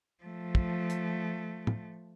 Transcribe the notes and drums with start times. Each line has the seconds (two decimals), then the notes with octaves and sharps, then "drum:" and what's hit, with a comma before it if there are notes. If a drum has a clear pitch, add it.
0.24 F3 A3
0.55 drum: kick
0.90 drum: hi-hat
1.67 drum: tom